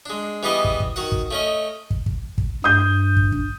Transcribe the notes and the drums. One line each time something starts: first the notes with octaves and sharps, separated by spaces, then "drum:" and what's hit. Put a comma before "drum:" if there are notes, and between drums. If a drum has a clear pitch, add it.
G#3 D4
E3 G3 B3 E4 G#4 D#5
drum: kick
drum: kick
D#3 F#4 F#5
drum: kick
A3 C#4 D#5
drum: kick
drum: kick
drum: kick
G2 D#6 G6
drum: kick
drum: kick